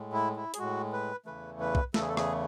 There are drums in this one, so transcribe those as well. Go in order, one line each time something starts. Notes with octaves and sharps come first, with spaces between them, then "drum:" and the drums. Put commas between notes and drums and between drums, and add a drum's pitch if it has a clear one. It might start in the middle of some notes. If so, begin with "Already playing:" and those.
Already playing: A2 G#3
E4
E4
G#4, drum: hi-hat
A2 G#3 F#4
B4
E2 C#3 E3 A3 B4
B4
drum: kick B1
E2 C#3 E3 A3 A4, drum: snare
G#4
A4
G#4, drum: rim click